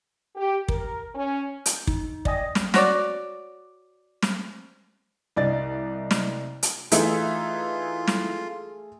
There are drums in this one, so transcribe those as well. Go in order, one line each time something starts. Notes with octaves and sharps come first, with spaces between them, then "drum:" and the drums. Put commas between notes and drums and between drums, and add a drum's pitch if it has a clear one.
G4
A#4, drum: kick
C#4
G6, drum: hi-hat
D#4, drum: kick
D5 D#5 G5 G#5 D#6 A#6, drum: kick
drum: snare
F#4 C#5 D5, drum: snare
drum: snare
C2 D5 D#5 A6
drum: snare
drum: hi-hat
E3 A3 D#4 F4 G#4 E5, drum: hi-hat
drum: snare